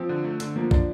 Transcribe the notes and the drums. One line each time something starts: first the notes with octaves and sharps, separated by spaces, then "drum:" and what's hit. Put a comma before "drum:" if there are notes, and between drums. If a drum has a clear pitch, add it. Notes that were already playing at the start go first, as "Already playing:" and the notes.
Already playing: F3 C4
D3
A3
D3, drum: hi-hat
F3 A#3
D3 D4, drum: kick